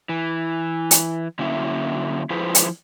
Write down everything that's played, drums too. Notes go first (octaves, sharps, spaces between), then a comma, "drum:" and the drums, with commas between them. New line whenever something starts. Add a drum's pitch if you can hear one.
E3
drum: hi-hat
D3 F#3 A#3 C#4 E4 E5
F3 E4 F4 G#4 B4 C5
drum: hi-hat